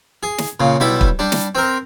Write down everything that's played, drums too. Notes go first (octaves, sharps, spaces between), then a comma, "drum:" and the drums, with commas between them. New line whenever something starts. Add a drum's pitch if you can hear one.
G#4
drum: snare
A#2 C#3
B1 G3 E4 B5
drum: kick
G3 D4
drum: snare
C4 A#4